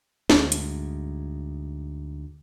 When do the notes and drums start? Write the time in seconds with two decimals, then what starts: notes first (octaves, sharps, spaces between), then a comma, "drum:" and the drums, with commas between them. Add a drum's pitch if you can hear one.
0.30 D2 G#2, drum: snare
0.52 drum: hi-hat